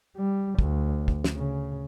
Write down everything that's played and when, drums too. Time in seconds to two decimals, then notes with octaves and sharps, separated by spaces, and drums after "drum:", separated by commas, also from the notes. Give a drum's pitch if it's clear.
0.17 G3
0.59 D2, drum: kick
1.08 drum: kick
1.24 drum: snare
1.35 C#3